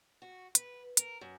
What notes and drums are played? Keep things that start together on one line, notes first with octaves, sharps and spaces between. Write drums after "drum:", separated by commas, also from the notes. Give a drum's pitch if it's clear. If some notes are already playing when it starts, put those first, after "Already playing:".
F#4
B4, drum: hi-hat
A#4, drum: hi-hat
F#2